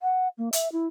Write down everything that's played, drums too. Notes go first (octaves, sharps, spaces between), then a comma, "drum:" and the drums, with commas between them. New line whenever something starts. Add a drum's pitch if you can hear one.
F#5
A#3
E5, drum: hi-hat
E4